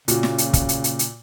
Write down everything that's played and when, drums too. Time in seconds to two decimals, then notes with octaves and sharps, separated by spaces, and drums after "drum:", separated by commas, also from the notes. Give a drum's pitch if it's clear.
0.08 A#2 C#3 F#4, drum: hi-hat
0.23 drum: snare
0.38 drum: hi-hat
0.53 drum: kick, hi-hat
0.69 drum: hi-hat
0.84 drum: hi-hat
0.99 drum: hi-hat